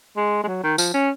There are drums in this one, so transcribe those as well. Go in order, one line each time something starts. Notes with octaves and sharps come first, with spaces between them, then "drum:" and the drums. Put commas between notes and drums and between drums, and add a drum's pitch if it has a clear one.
G#3
G#3
F#3
D#3
F3, drum: tambourine
C#4